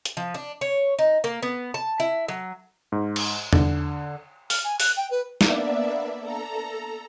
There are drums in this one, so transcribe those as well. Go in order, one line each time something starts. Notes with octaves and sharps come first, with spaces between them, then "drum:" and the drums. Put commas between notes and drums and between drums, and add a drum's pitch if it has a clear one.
drum: hi-hat
F3
D4
C#5
D#4
A#3
B3
A5
E4
F#3
G#2
drum: cymbal
D3, drum: tom E2
F6, drum: open hi-hat
G#5
F#6, drum: open hi-hat
G5
B4
A#3 B3 D4 D5 E5, drum: snare
A4 A#5